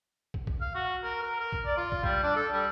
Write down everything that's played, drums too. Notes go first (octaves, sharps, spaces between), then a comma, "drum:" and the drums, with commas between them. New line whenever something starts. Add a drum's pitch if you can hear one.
drum: kick
drum: kick
F5
F#4
A#4
A#4
A#4
drum: kick
D5
F4
drum: kick
G3, drum: kick
D4
A4
G3